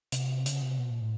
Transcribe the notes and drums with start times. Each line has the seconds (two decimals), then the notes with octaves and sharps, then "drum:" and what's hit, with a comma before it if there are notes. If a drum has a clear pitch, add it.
0.12 C3, drum: hi-hat
0.46 C#3, drum: hi-hat
0.62 C3
0.79 B2
0.91 A#2
1.01 A2